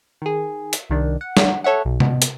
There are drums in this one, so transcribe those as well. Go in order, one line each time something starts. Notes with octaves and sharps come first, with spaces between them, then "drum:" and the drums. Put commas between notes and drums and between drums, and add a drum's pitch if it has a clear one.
D#3 G#4
drum: hi-hat
C2 D#3 D4
F#5
drum: snare
A4 C#5 E5 F#5
B1
B2, drum: tom C3
drum: hi-hat